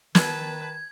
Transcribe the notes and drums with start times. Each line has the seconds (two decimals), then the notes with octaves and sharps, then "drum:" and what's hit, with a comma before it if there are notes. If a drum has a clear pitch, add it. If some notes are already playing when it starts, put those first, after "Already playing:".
0.15 D#3 B4 A5 G#6, drum: snare